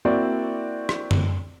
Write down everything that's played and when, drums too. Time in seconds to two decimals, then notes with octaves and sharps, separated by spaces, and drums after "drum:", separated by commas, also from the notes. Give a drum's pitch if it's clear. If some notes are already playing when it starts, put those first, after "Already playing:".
0.05 A#3 C4 E4 F#4 D5
0.89 drum: rim click
1.11 drum: tom F#2